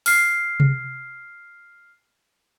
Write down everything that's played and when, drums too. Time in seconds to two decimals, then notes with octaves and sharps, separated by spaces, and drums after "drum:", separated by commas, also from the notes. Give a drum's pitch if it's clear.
0.06 F6 C7, drum: open hi-hat
0.60 drum: tom C3